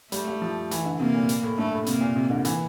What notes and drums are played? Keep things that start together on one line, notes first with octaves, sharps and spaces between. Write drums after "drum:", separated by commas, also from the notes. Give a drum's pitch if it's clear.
G3 A3, drum: hi-hat
G3
F3
E3, drum: hi-hat
D3
C3 A#3
A#2
drum: hi-hat
A2
G2 A3
A2
C3 A#3, drum: hi-hat
A#2
C3
D3
E3, drum: hi-hat